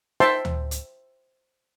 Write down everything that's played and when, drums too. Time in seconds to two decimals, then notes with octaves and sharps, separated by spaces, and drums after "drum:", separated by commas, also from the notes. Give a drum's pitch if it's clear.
0.20 C5 E5 G5 A5 C6, drum: snare D#4
0.45 drum: tom D2
0.71 drum: hi-hat